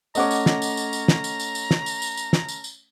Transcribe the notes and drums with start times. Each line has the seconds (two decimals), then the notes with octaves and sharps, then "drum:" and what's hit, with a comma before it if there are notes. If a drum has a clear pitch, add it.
0.15 A3 C#4 C#5 D#5 F#5 A#5 D6, drum: tambourine
0.31 drum: tambourine
0.46 drum: snare
0.62 drum: tambourine
0.77 drum: tambourine
0.93 drum: tambourine
1.08 drum: snare
1.24 drum: tambourine
1.40 drum: tambourine
1.55 drum: tambourine
1.71 drum: snare
1.86 drum: tambourine
2.02 drum: tambourine
2.17 drum: tambourine
2.33 drum: snare
2.48 drum: tambourine
2.64 drum: tambourine